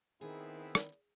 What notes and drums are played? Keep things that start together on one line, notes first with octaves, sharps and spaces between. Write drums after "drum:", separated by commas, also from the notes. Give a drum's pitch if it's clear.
D#3 B3 C4 E4 G#4
drum: rim click